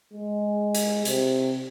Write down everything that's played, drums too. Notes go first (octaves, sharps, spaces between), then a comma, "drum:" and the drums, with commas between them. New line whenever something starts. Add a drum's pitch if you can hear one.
G#3
drum: hi-hat
C3, drum: hi-hat